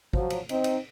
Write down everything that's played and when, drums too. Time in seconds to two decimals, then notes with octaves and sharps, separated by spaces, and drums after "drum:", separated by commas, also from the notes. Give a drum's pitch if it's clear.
0.13 F3 F#3, drum: kick
0.30 drum: cymbal
0.49 C4 D#4, drum: cymbal
0.64 drum: cymbal